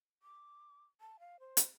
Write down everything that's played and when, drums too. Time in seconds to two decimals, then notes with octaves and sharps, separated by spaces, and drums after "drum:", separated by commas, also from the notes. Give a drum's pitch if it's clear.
0.23 D6
1.00 A5
1.20 F5
1.40 C5
1.57 drum: hi-hat